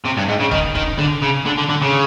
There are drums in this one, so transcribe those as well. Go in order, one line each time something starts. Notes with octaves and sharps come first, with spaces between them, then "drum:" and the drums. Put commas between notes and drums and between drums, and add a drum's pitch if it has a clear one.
C3
G2
G#2
C#3
D#3, drum: kick
D#3, drum: kick
D3
C#3
D3
D3
D3
C#3